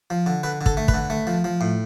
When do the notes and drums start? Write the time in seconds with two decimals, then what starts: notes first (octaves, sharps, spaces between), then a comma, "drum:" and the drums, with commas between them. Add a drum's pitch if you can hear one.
0.10 F3
0.26 D3
0.43 D3 B4
0.61 D3
0.66 A4, drum: kick
0.77 A3
0.88 B4, drum: kick
0.94 D3
1.10 A3
1.27 F3
1.44 F3
1.61 A2